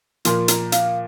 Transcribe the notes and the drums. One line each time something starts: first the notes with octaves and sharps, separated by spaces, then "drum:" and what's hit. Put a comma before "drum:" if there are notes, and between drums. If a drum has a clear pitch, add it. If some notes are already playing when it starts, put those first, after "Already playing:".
A#2 F3 A#3 C6, drum: hi-hat
A#5, drum: hi-hat
F5, drum: hi-hat